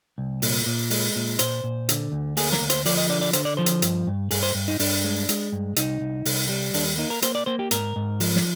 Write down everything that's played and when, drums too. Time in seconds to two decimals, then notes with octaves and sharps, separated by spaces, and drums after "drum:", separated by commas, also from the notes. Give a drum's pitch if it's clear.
0.18 C2
0.42 A#2, drum: open hi-hat
0.66 A#2
0.90 G#3, drum: open hi-hat
1.16 A#2
1.39 A#2 C5, drum: hi-hat
1.64 A#2
1.89 D3, drum: hi-hat
2.12 D2
2.37 A#3 G#4, drum: open hi-hat
2.52 A#4, drum: snare
2.62 D2
2.70 C5, drum: hi-hat
2.85 F3 D5, drum: open hi-hat
2.97 D#5
3.09 D3 D5
3.21 D5
3.33 D3 C5, drum: hi-hat
3.45 D5
3.57 F3 C5
3.66 drum: hi-hat
3.82 G2, drum: hi-hat
4.07 G2
4.31 G2 G#4, drum: open hi-hat
4.43 C5
4.55 G2
4.68 D#4
4.79 G2 D4, drum: open hi-hat
5.04 G#3
5.29 G#3, drum: hi-hat
5.52 G2
5.76 C2 D#4, drum: hi-hat
6.01 C2
6.25 C2, drum: open hi-hat
6.49 G3
6.74 D#2 D4, drum: open hi-hat
6.98 A#3 D#4
7.10 A#4
7.22 A#3 C5, drum: hi-hat
7.35 D5
7.46 A#3 C5
7.59 G4
7.71 G#2 A#4, drum: hi-hat
7.96 G#2
8.20 F3, drum: open hi-hat
8.36 drum: snare